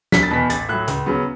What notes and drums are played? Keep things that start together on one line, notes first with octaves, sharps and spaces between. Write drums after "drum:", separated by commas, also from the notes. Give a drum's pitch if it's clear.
E1 B6, drum: snare
A6
E2 B2 B6
A1 A6, drum: hi-hat
A2 F#3 F#6
C#2, drum: hi-hat
C#3 F#3 B3